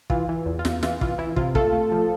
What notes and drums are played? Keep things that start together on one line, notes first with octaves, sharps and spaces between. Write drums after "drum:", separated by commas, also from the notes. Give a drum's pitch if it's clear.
E3 F4, drum: kick
E3
E2
F4
E2, drum: snare
E3 F4, drum: snare
E3 F4, drum: kick
E3 E4
C3 F4, drum: kick
A3 F4 A4, drum: kick
A3
F3